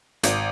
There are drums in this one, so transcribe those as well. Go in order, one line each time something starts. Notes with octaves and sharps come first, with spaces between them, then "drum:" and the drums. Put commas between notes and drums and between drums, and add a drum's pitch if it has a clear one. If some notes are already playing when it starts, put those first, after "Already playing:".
G#1, drum: hi-hat